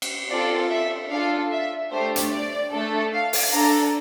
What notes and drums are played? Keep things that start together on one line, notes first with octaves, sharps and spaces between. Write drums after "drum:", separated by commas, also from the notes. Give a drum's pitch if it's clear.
drum: cymbal
C4 F4 A4 D5
E5
D4 F4 A4 F5
E5
A3 D4 G4 C5
drum: hi-hat
D5
A3 D4 A4
F5
drum: open hi-hat
D4 A4 A#5